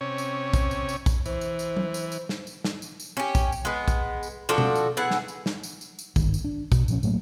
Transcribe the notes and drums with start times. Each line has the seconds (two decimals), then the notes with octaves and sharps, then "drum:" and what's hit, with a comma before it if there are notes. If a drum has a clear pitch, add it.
0.01 C3 C#4 C#5
0.18 drum: tambourine
0.53 drum: kick, tambourine
0.71 drum: tambourine
0.89 drum: tambourine
1.06 drum: kick, tambourine
1.26 E3 C5, drum: tambourine
1.41 drum: tambourine
1.59 drum: tambourine
1.77 drum: tom F#3
1.94 drum: tambourine
2.12 drum: tambourine
2.29 drum: snare
2.47 drum: tambourine
2.64 drum: snare
2.82 drum: tambourine
3.00 drum: tambourine
3.17 C#4 G4
3.35 drum: kick, tambourine
3.52 drum: tambourine
3.65 G#3 B3
3.88 drum: kick, tambourine
4.23 drum: tambourine
4.49 F3 D4 F#4 A4
4.58 drum: tom B2
4.76 drum: tambourine
4.97 B3 E4 G#4 F#5
5.11 drum: snare
5.28 drum: tambourine
5.46 drum: snare
5.63 drum: tambourine
5.81 drum: tambourine
5.99 drum: tambourine
6.16 G1 G#2 D3 D#3, drum: kick, tambourine
6.34 drum: tambourine
6.44 D4
6.72 B2, drum: kick, tambourine
6.88 A#2 F3 C#4, drum: tambourine
7.03 A2 F#3 A3 A#3, drum: tambourine